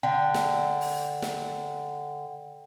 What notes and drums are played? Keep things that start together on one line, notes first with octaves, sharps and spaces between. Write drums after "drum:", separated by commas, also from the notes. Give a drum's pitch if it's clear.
D3 G5
drum: snare
drum: open hi-hat
drum: snare